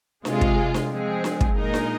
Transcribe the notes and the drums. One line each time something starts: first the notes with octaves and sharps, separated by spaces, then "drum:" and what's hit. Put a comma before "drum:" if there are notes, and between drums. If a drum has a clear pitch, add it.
C3 G#3 F4 G#4, drum: snare D4
drum: kick
drum: snare D4
F3 G#3 C4 G#4
drum: snare D4
drum: kick
A#2 G#3 D#4 A#4 D#5
drum: snare D4